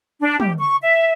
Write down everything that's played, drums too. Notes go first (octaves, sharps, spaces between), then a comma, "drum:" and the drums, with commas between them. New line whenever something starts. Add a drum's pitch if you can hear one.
D4
G4, drum: tom
C#6
E5